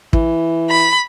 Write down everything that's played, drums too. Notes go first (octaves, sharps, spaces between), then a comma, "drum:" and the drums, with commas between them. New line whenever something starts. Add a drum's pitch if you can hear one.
E3, drum: kick
B5